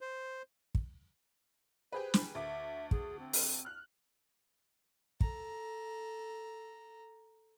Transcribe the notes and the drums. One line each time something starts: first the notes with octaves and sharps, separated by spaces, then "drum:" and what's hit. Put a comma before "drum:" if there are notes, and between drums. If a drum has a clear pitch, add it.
C5
drum: kick
G4 G#4 B4 C5
drum: snare
D2 E5 D6
G#4, drum: kick
C4
drum: open hi-hat
F6 F#6
A4 A#5, drum: kick